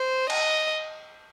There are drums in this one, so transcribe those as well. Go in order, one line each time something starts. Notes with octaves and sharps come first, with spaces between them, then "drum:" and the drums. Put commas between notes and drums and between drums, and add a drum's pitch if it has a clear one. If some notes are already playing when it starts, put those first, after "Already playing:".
Already playing: C5
D#5, drum: cymbal